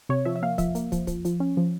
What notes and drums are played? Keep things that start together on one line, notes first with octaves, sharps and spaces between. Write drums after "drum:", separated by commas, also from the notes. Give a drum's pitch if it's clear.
C3 C#5
F3 E5
E5
A#3 F5
F3 E5, drum: kick, hi-hat
A#3, drum: hi-hat
F3, drum: kick, hi-hat
F3, drum: kick, hi-hat
F3, drum: hi-hat
C#4
F3